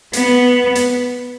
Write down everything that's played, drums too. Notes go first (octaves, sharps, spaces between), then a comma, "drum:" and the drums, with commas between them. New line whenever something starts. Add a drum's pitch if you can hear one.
B3, drum: hi-hat
drum: hi-hat